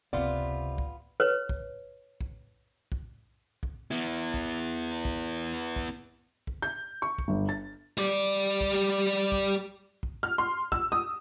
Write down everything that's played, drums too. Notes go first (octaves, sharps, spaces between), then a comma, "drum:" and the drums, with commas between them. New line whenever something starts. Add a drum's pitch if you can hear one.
F1 C#2 C3 B3 F4 D5
drum: kick
B4 C#5
drum: kick
drum: kick
drum: kick
drum: kick
B3 E4
drum: kick
drum: kick
drum: kick
drum: kick
G6
C#6
drum: kick
G1
A6
G3 D5
drum: kick
drum: kick
drum: kick
F6
C6
E6, drum: kick
D#6